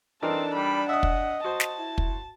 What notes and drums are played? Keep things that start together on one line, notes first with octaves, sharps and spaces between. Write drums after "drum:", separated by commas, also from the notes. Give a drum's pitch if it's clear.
E3 C4 D4 D#4 A4 A#4 A5
G3 B5
D#5 E5 F#5 D#6
drum: kick
F#4 C5 A5
drum: snare
E4
drum: kick